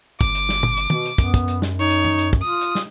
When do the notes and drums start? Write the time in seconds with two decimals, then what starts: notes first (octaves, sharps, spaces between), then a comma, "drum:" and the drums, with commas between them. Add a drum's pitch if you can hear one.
0.21 G1 D6, drum: kick, hi-hat
0.35 drum: hi-hat
0.49 drum: snare
0.63 drum: tom
0.77 drum: hi-hat
0.90 B2, drum: tom
1.06 drum: hi-hat
1.18 F#2 B3, drum: kick, hi-hat
1.34 drum: kick, hi-hat
1.48 drum: hi-hat
1.62 drum: snare
1.80 D#4 C#5
1.90 drum: hi-hat
2.05 drum: tom F#2
2.19 drum: hi-hat
2.33 drum: kick
2.42 F4 D#6
2.61 drum: hi-hat
2.75 drum: snare